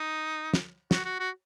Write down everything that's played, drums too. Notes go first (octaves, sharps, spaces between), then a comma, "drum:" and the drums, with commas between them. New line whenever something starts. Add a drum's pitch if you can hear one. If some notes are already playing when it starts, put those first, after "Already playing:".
Already playing: D#4
drum: snare
F#4, drum: snare
F#4
F#4